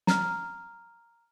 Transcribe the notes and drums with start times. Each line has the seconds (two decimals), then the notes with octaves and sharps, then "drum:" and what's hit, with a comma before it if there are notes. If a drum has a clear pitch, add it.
0.07 A#5 F6, drum: snare